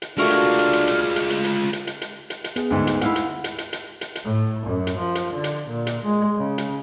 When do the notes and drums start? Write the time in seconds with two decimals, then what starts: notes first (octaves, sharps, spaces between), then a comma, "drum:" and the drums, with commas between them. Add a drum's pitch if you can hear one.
0.02 drum: hi-hat
0.18 G#3 A3 D4 F4 F#4 A#4 F6
0.30 drum: hi-hat
0.59 drum: hi-hat
0.73 drum: hi-hat
0.87 drum: hi-hat
1.16 drum: hi-hat
1.30 drum: hi-hat
1.44 drum: hi-hat
1.73 drum: hi-hat
1.87 drum: hi-hat
2.02 drum: hi-hat
2.30 drum: hi-hat
2.44 drum: hi-hat
2.56 B3 G#4, drum: hi-hat
2.70 D2 G#2
2.87 drum: hi-hat
3.01 E4 F5 F#5, drum: hi-hat
3.16 drum: hi-hat
3.44 drum: hi-hat
3.58 drum: hi-hat
3.73 drum: hi-hat
4.01 drum: hi-hat
4.15 drum: hi-hat
4.25 A2
4.67 F#2
4.87 drum: hi-hat
4.99 F3
5.15 drum: hi-hat
5.34 D3
5.44 drum: hi-hat
5.69 A#2
5.87 drum: hi-hat
6.05 G#3
6.37 C#3
6.58 drum: hi-hat